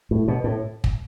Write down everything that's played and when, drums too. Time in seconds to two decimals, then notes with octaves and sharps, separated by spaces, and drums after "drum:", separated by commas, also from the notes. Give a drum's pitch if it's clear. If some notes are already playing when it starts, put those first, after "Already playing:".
0.11 A2
0.28 B2
0.44 A2
0.84 drum: kick